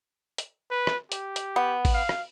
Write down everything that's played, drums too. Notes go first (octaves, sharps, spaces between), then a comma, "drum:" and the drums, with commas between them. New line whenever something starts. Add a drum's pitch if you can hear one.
drum: hi-hat
B4
drum: rim click
G4, drum: hi-hat
drum: hi-hat
B3
drum: kick G#1, open hi-hat
F5
drum: rim click